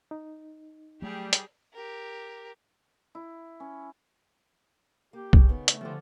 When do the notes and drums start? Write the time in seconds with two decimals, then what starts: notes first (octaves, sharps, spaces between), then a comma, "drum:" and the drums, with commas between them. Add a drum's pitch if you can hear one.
0.11 D#4
1.02 F#3 G3 A3 G4 G#4
1.33 drum: hi-hat
1.74 G4 A#4
3.15 E4
3.60 C#4
5.13 A#3 G4
5.33 C#3, drum: kick B1
5.49 D#3 B3 D#4
5.68 A3, drum: hi-hat
5.81 D3 F3 E4 G4 C5